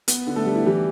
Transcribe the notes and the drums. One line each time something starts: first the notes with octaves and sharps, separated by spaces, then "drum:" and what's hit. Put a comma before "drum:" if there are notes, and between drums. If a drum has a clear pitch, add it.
B3, drum: hi-hat
D3
A3 A4
G3
E4
E3 G3 G4